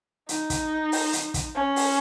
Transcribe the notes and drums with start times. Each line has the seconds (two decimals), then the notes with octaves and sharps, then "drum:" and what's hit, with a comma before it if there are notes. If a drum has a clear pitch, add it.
0.29 D#4, drum: hi-hat
0.50 drum: kick, hi-hat
0.92 drum: open hi-hat
1.13 drum: hi-hat
1.34 drum: kick, hi-hat
1.55 C#4
1.76 drum: open hi-hat